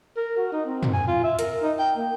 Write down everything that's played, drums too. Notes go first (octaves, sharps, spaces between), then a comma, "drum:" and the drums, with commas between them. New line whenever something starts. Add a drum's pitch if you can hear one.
A#4
F#4
D#4
C4
drum: tom
G#5
F4
E5
A#4, drum: hi-hat
D#4
G5
A#3